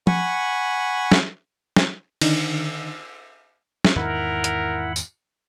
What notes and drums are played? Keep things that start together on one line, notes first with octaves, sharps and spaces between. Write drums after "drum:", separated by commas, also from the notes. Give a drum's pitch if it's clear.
F#5 G#5 B5 C#6, drum: tom
drum: snare
drum: snare
D3 D#3 D4 D#4, drum: cymbal
drum: snare
E2 G#2 D#3 E4 A#4 F#5 B5
drum: hi-hat
drum: tambourine